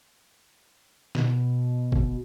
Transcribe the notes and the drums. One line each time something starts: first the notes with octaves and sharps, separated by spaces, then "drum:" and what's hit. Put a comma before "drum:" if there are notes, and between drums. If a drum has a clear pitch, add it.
B2, drum: snare
drum: kick